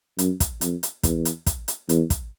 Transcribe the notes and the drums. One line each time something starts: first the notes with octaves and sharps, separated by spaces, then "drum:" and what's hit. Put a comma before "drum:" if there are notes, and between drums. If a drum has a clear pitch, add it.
F#2, drum: hi-hat
drum: kick, hi-hat
F2, drum: hi-hat
drum: hi-hat
E2, drum: kick, hi-hat
drum: hi-hat
drum: kick, hi-hat
drum: hi-hat
E2, drum: hi-hat
drum: kick, hi-hat